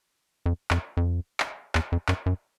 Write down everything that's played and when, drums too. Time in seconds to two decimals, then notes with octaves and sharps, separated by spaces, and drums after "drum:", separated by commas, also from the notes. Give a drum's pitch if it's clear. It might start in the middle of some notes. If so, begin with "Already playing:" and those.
0.46 F2
0.71 F2, drum: clap
0.97 F2
1.40 drum: clap
1.75 E2, drum: clap
1.92 F2
2.08 F#2, drum: clap
2.26 F#2